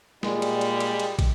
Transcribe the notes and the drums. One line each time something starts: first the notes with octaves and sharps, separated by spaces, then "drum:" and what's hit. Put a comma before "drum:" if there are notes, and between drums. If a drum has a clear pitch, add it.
A#2 G3 G#3, drum: snare
drum: cymbal
drum: cymbal
drum: cymbal
drum: cymbal
drum: kick, cymbal